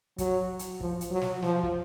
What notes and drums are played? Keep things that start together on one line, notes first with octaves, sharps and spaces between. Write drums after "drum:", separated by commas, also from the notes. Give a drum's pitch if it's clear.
F#3, drum: kick, hi-hat
drum: hi-hat
F3, drum: kick
drum: hi-hat
F#3
drum: snare
F3, drum: snare
drum: kick